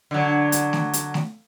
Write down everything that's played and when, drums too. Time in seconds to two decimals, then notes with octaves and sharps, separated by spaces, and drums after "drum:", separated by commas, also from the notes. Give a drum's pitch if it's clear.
0.11 D3 F#3
0.52 drum: hi-hat
0.73 drum: snare A3
0.93 drum: hi-hat
1.14 drum: snare A3